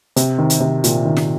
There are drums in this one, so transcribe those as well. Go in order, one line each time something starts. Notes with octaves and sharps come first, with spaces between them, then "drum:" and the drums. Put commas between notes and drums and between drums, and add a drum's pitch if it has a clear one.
C3, drum: hi-hat
D#3
drum: hi-hat
C3
A#2, drum: hi-hat
D#3
drum: snare